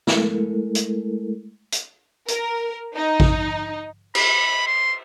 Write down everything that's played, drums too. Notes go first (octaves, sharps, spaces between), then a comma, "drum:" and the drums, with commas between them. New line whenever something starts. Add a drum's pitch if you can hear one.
G#3 A3 E4 A4 A#4, drum: snare
drum: hi-hat
drum: hi-hat
A#4, drum: hi-hat
D#4
drum: kick A1
B5, drum: cymbal
C6